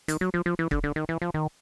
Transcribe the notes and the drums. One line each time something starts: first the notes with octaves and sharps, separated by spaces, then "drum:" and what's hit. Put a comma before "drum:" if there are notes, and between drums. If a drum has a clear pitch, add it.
D#3, drum: hi-hat
F#3
F3
F3
E3
D3, drum: kick
D3
D#3
E3
F3
D#3